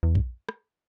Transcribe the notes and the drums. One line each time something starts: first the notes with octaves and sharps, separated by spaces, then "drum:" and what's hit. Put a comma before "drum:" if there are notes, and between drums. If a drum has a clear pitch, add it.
E2
G2, drum: kick
drum: rim click